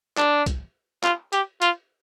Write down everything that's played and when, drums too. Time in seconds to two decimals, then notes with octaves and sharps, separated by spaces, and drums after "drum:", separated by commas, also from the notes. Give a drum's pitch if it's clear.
0.17 D4, drum: clap
0.46 drum: kick C2, hi-hat
1.04 F4, drum: clap
1.33 G4, drum: hi-hat
1.62 F4, drum: hi-hat